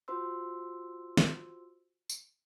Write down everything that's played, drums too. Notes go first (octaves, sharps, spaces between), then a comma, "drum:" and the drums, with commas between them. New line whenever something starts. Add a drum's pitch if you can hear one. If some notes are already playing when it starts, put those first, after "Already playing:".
F4 F#4 C5 C6 E6
drum: snare
drum: tambourine